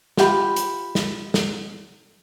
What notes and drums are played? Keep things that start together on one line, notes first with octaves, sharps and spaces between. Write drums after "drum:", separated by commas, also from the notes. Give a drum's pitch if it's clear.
F4 G4 F5 B5, drum: snare
drum: hi-hat
drum: snare
drum: snare